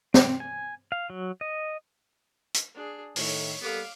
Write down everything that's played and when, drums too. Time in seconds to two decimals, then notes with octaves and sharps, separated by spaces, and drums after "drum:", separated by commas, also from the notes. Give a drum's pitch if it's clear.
0.14 C4, drum: snare
0.40 G#5
0.92 F5
1.10 F#3
1.41 D#5
2.54 drum: hi-hat
2.75 D4 G#4
3.16 A2 D#3 A3 C#5, drum: open hi-hat
3.62 G3 A#3 B3 A4 F5 D6